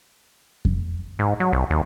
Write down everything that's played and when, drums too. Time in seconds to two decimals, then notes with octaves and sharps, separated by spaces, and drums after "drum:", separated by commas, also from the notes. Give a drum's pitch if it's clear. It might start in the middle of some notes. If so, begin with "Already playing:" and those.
0.65 drum: kick F2
1.19 G#2
1.40 F#3
1.53 C2
1.71 D#2